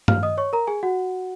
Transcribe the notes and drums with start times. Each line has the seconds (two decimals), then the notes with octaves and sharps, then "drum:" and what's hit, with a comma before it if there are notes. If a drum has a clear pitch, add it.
0.08 F5 F6, drum: tom G2
0.23 D#5 D#6
0.38 C#5 C#6
0.53 A#4 A#5
0.67 G#4 G#5
0.83 F#4 F#5